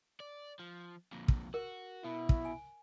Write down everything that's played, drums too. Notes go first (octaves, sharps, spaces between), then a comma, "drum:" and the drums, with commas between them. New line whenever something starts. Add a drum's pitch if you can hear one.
D5
F3
F2 A#2
drum: kick
F#4 A#4
B2 E4
drum: kick
G#5